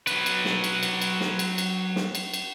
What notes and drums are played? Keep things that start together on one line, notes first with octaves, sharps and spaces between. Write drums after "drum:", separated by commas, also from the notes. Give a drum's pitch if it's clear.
F#3 B4, drum: cymbal
drum: cymbal
drum: snare
drum: cymbal
drum: cymbal
drum: cymbal
drum: snare
drum: cymbal
drum: cymbal
drum: snare
drum: cymbal
drum: cymbal